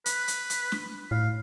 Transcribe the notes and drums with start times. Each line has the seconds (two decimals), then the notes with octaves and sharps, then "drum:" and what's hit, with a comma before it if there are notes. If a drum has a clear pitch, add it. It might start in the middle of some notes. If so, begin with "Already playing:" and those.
0.06 B4, drum: hi-hat
0.28 drum: hi-hat
0.50 drum: hi-hat
0.72 drum: snare
1.11 A2 F5